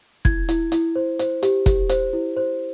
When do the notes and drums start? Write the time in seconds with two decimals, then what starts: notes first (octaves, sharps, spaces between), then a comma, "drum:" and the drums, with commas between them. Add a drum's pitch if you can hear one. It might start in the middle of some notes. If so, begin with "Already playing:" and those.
0.25 E4 G#6, drum: kick
0.49 E4, drum: hi-hat
0.72 E4, drum: hi-hat
0.96 C5
1.19 C5, drum: hi-hat
1.43 G4, drum: hi-hat
1.66 G4, drum: kick, hi-hat
1.89 C5, drum: hi-hat
2.13 E4
2.37 C5